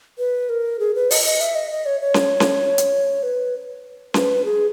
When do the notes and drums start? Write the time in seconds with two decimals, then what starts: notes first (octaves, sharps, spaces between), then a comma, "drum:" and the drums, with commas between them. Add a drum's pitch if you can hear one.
0.18 B4
0.49 A#4
0.80 G#4
0.95 B4
1.11 D#5, drum: open hi-hat
1.25 D#5
1.40 E5
1.55 D#5
1.71 D#5
1.86 C#5
2.01 C#5
2.14 drum: snare C#4
2.40 drum: snare C#4
2.78 drum: hi-hat
3.23 B4
4.14 B4, drum: snare C#4
4.45 G#4